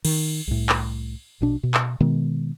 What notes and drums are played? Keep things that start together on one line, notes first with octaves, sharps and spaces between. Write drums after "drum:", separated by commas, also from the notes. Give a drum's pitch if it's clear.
D#3, drum: cymbal
C2 A2
drum: clap
A#1 B2 D4
B2
drum: clap
B2 D#3 G#3 B3